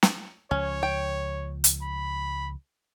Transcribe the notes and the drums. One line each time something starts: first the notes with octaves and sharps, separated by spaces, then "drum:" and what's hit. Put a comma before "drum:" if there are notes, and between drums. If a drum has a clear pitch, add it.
drum: snare
C#2 F3 C#4 C#5
G5
drum: hi-hat
B5